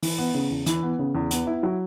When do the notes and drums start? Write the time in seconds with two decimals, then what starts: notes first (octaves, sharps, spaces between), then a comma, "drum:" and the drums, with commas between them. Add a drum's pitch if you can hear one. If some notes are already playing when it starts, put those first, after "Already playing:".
0.03 E3, drum: open hi-hat
0.18 B3
0.34 C#3
0.50 E2
0.66 E3, drum: hi-hat
0.83 B3
0.99 C#3
1.15 E2
1.31 B3, drum: hi-hat
1.47 E4
1.63 F#3